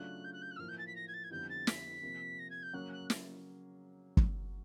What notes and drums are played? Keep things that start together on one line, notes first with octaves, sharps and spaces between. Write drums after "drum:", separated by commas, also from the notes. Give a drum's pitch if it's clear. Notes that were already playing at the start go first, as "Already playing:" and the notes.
Already playing: C#3 F#3 A3 D4 F4 F#6
G6
F#6
G6
F#6
E6
A2 F3 A#3 F6
G6
A6
B6
A#6
G#6
A6
G#6
F2 D3 G3 B3 E4 G6
A6
B6, drum: snare
C3 F3 A#3
A#6
G#6
G6
C#3 F#3 A#3 C#4 F#6
F#6
drum: snare
drum: kick